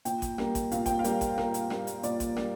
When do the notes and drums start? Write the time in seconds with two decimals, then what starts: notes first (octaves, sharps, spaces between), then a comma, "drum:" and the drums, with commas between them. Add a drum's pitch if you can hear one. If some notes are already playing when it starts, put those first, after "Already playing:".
0.05 A#2 G5, drum: hi-hat
0.22 drum: kick G#1, hi-hat
0.38 G3 A#3, drum: rim click
0.55 drum: kick G#1, hi-hat
0.71 A#2 F5, drum: hi-hat
0.86 G5, drum: kick G#1, hi-hat
0.99 F5
1.04 G3 A#3, drum: hi-hat
1.21 drum: kick G#1, hi-hat
1.38 A#2 A#4, drum: rim click
1.54 drum: hi-hat
1.70 G3 A#3, drum: rim click
1.87 drum: hi-hat
2.03 A#2 D5, drum: hi-hat
2.20 drum: kick G#1, hi-hat
2.36 G3 A#3, drum: rim click